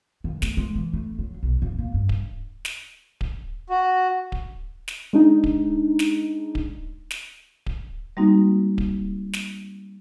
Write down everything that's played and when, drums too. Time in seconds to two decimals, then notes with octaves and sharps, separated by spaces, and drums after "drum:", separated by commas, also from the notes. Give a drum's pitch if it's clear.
0.24 D#3
0.42 A3, drum: snare
0.57 G#3
0.76 E3
0.94 A3
1.19 F#3
1.43 B1
1.62 D1
1.79 A#3
1.94 G2
2.09 drum: kick D1
2.65 drum: snare
3.21 drum: kick D1
3.70 F#4
4.32 drum: kick D1
4.88 drum: snare
5.13 G#3 D4 D#4
5.44 drum: kick D1
5.99 drum: snare
6.55 drum: kick D1
7.11 drum: snare
7.66 drum: kick D1
8.17 G3 G#3 A#3 C4 D#4 F#4
8.78 drum: kick D1
9.34 drum: snare